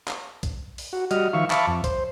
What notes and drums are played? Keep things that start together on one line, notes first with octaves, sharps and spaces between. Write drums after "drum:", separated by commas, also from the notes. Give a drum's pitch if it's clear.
drum: clap
drum: kick B1, hi-hat
drum: open hi-hat
F#4
G3 F#4 D#5 F6, drum: hi-hat
D#3 F3 E5 F5 C#6
E5 F5 A5 B5 C#6 D6, drum: clap
F2
C5, drum: kick B1, hi-hat